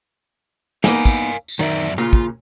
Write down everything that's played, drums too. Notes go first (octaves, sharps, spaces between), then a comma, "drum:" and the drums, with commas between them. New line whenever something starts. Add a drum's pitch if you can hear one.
A#3 B3 D#4 A#4 F5 G#5, drum: snare
drum: kick, tambourine
drum: tambourine
F#2 D#3 D5 E5
A#2 C#3 F4
drum: kick